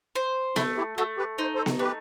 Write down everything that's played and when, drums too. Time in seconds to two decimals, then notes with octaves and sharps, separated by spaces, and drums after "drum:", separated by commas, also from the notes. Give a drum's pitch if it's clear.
0.15 C5
0.56 A3 C4 E4, drum: snare B3
0.77 E4 G4
0.97 A3 F#4 A4
1.17 G4 B4
1.38 D#4 C5
1.55 A4 C5
1.66 drum: snare B3
1.79 A3 G4 B4